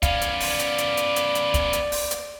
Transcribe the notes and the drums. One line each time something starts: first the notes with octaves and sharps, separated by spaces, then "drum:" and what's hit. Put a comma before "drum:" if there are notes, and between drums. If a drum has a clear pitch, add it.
B3 C#4 D5 F5, drum: kick, hi-hat
drum: hi-hat
drum: open hi-hat
drum: hi-hat
drum: hi-hat
drum: hi-hat
drum: hi-hat
drum: hi-hat
drum: kick, hi-hat
drum: hi-hat
drum: open hi-hat
drum: hi-hat